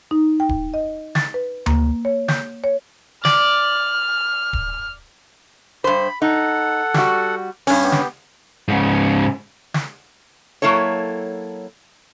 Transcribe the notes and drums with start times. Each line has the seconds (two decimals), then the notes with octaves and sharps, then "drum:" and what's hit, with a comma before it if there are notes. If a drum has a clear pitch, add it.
0.11 D#4
0.40 G5
0.49 drum: kick D1
0.74 D#5
1.15 A6, drum: snare
1.34 B4
1.66 A#3, drum: tom D2
2.05 C#5
2.28 G6, drum: snare
2.64 C#5
3.25 D5 F6, drum: snare
4.53 drum: kick D1
5.84 G2 C5 B5
6.22 D#4 A4 F#5
6.94 G3 F#4, drum: snare
7.67 G2 C#4, drum: open hi-hat
7.82 B3 G4
7.92 drum: snare
8.68 G#2 C#3
9.74 drum: snare
10.62 F#3 A#3 E4 A4 C#5